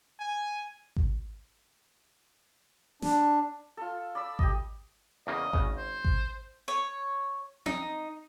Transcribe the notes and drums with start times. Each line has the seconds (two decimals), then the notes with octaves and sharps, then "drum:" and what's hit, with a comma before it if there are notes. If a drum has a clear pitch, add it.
0.20 G#5
0.96 drum: kick G#1
3.02 D4, drum: snare
3.77 F4 A4
4.15 D5 B5 D6 E6
4.39 G4 D#5, drum: kick G#1
5.27 E2 C#3 A#3 D#5
5.53 G#1 C#3, drum: kick G#1
5.77 C5
6.05 drum: kick G#1
6.68 C#5
7.66 D#4, drum: tom C4